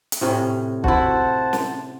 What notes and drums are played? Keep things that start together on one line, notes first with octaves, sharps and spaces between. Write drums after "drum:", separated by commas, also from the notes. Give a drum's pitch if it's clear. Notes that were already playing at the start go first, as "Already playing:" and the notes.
drum: hi-hat
A2 C3 C#4
E4 F#4 C5 F#5 A5, drum: kick
drum: snare